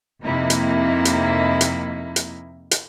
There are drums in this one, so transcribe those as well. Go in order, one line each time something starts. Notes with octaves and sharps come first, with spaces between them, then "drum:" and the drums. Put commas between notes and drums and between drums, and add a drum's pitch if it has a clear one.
F2 C3 A#3 D#4 E4
drum: hi-hat
drum: hi-hat
drum: hi-hat
drum: hi-hat
drum: hi-hat